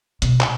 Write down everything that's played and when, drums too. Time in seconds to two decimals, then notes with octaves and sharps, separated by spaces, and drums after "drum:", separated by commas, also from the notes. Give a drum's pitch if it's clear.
0.22 B2, drum: hi-hat
0.40 drum: clap